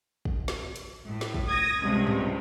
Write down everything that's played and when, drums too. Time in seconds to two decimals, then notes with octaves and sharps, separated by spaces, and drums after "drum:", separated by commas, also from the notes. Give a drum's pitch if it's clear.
0.25 drum: kick
0.48 drum: snare
0.76 drum: hi-hat
1.06 A2
1.21 drum: snare
1.35 drum: kick
1.46 D#6 G#6 A#6
1.82 C#2 G2 C3
2.07 drum: tom G#2